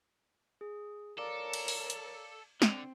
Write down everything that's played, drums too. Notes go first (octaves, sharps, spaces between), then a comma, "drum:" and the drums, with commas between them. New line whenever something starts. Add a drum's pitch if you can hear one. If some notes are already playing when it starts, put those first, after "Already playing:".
G#4
A4 A#4 C#5 D5 F5 D6
drum: cymbal
drum: open hi-hat
drum: hi-hat
D3 C4, drum: snare